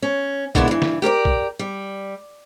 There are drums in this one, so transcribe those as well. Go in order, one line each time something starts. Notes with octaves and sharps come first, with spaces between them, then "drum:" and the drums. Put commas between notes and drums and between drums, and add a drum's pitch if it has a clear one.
C#4
B2 D3 G#3 A#3 D4 E4, drum: kick
G2 E3
drum: snare
G4 A#4 C5 D5
drum: kick
G3